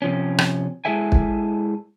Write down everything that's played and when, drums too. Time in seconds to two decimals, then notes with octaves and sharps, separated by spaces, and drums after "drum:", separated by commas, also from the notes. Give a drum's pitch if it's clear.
0.02 C3 F3 C#4
0.38 drum: rim click
0.85 G#3 E4 G#4 A4 E5 G#5
1.12 drum: kick